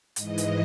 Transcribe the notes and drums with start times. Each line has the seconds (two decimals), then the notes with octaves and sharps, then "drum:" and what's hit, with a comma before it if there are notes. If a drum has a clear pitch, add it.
0.16 G#2 E3 D#5, drum: hi-hat
0.38 drum: hi-hat